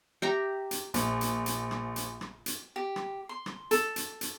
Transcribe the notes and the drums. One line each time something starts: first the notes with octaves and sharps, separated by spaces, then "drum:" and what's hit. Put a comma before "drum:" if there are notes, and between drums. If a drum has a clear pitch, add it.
G4 E5 A#5
drum: hi-hat
A#1, drum: hi-hat
drum: hi-hat
drum: hi-hat
drum: rim click
drum: hi-hat
drum: rim click
drum: hi-hat
G4
drum: rim click
C6
drum: rim click
A4, drum: hi-hat
drum: hi-hat
drum: hi-hat